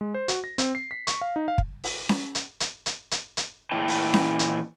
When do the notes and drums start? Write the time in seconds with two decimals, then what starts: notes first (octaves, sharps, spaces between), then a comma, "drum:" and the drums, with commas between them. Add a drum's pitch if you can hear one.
0.01 G#3
0.14 C5
0.28 F#4, drum: hi-hat
0.44 A#6
0.58 C4, drum: hi-hat
0.75 C7
0.91 B6
1.07 C#6, drum: hi-hat
1.21 F5
1.36 D#4
1.48 F5
1.58 drum: kick
1.84 drum: open hi-hat
2.09 drum: snare C#4
2.35 drum: hi-hat
2.60 drum: hi-hat
2.86 drum: hi-hat
3.11 drum: hi-hat
3.37 drum: hi-hat
3.71 A#2 E3 E4 C#5 G5 A5
3.88 drum: open hi-hat
4.14 drum: snare C#4
4.39 drum: hi-hat